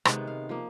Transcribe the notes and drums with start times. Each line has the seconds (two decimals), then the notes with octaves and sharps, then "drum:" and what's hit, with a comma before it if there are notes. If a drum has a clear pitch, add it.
0.05 C3 D#3 G#3 B3 F#5, drum: rim click
0.27 F5
0.49 F3 A#3